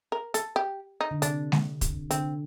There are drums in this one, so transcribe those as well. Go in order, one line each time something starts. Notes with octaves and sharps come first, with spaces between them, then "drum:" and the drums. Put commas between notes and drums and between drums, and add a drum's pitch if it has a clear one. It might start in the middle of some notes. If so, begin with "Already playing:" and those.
A#4
A4, drum: hi-hat
G4
D#4
D3
C3 D4, drum: hi-hat
drum: snare G#3
drum: kick, hi-hat
D3 C4, drum: hi-hat